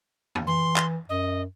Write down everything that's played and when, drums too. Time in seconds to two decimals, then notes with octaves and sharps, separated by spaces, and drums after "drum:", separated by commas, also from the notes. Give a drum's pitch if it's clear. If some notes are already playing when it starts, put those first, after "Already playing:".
0.35 drum: tom F2
0.47 E3 C6
0.76 drum: clap
1.09 F#2 D#5